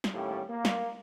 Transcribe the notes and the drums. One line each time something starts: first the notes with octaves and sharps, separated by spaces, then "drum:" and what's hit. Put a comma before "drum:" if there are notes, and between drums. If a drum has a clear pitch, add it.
drum: snare
D#2 A2 G3 C#4
A#3
drum: snare